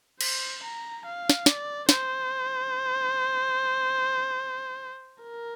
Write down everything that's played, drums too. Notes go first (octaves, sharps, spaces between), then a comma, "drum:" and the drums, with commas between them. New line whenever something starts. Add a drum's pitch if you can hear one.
C5, drum: cymbal
A#5
F5
drum: snare
D5, drum: snare
C5, drum: snare
A#4